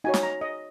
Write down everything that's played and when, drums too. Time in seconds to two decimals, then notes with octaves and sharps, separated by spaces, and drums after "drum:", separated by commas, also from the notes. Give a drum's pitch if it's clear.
0.04 D#4 F#4 C#5 G#5
0.14 drum: snare
0.23 A#5
0.41 D#5